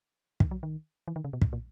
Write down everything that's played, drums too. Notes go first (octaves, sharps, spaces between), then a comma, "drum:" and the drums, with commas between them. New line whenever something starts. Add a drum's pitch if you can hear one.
D#3, drum: kick
F#3
D#3
E3
D#3
C#3
B2
A#2, drum: kick
A#2